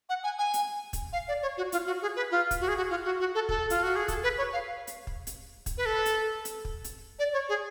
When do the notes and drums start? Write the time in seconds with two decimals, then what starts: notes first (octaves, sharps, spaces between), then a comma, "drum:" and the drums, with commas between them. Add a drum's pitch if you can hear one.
0.09 F#5
0.24 G#5
0.39 G#5
0.54 drum: hi-hat
0.93 drum: kick, hi-hat
1.13 F5
1.28 D5
1.43 C#5
1.57 F#4
1.72 F4, drum: hi-hat
1.87 F#4
2.02 G#4
2.16 B4
2.31 F4
2.51 drum: kick, hi-hat
2.61 F#4
2.68 G#4
2.77 F#4
2.90 F4
3.05 F#4
3.20 F#4
3.35 A4
3.49 A4, drum: kick
3.70 F4, drum: hi-hat
3.83 F#4
3.96 G#4
4.08 A4, drum: kick, hi-hat
4.24 B4
4.38 C#5
4.53 F5
4.87 drum: hi-hat
5.07 drum: kick
5.27 drum: hi-hat
5.66 drum: kick, hi-hat
5.78 B4
5.86 A4
6.06 drum: hi-hat
6.45 drum: hi-hat
6.65 drum: kick
6.84 drum: hi-hat
7.19 D5
7.33 C#5
7.49 G#4